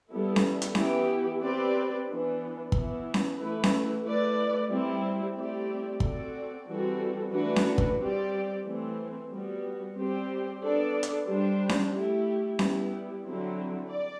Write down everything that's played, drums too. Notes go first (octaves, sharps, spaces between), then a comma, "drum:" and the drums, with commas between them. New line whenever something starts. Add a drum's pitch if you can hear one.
G3 B3 E4 A4
drum: snare C#4
drum: hi-hat
E3 B3 E4 G4, drum: snare C#4
C4 G4 B4 D5
E3 B3 D4
E3 B3 E4, drum: kick
drum: snare C#4
E3 A3 E4 B4
drum: snare C#4
A3 E4 B4 D5
G3 C4 E4
A3 C4 E4 G4 D5
C4 F#4 A4 D5, drum: kick
E3 G3 C4 F#4 A4
E3 A3 D4 F#4 B4
drum: snare C#4
drum: kick
G3 C4 G4 D5
E3 A3 C4
G3 B3 F#4
G3 C4 G4 C5
B3 D4 A4 D5
drum: hi-hat
G3 D4 G4 C5
drum: snare C#4
A3 E4 G4
G3 B3 E4 G4, drum: snare C#4
D3 F#3 C4 E4
D5